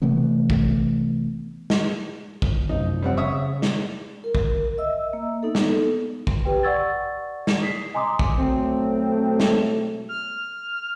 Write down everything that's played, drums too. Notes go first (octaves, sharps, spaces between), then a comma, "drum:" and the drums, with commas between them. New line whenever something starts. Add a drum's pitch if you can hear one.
C3 E3 A3 B3
drum: kick
drum: snare
drum: kick
F1 F#2 F3 D#4
G3 C4 F#5
C#3 C#5 E5 D#6
drum: snare
A#4
drum: kick
D#5 E5 E6
A#3
B3 D#4 A4
drum: snare
drum: kick
G4 B4 G5
D5 F#5 C#6 E6 G#6 A6
drum: snare
D#6 B6 C7
D#5 G#5 A#5 C6 D6 D#6
drum: kick
B2 F#3 A3 C4
drum: snare
F6